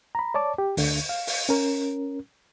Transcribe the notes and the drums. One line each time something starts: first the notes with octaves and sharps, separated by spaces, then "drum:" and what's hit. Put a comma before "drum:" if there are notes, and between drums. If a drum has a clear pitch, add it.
A#5 B5
C#5 D5 A5 D6
G4
D2 D3, drum: open hi-hat
F5
drum: open hi-hat
C#4 A#4